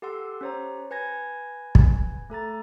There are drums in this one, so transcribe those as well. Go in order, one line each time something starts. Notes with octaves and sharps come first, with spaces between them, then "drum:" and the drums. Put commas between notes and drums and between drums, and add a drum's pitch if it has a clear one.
G4 A4 F#5 C6 E6
C#4 G4 C5 C#5 A#5
B4 G#5 G#6 A#6
drum: kick
A3 A4 A#5 A6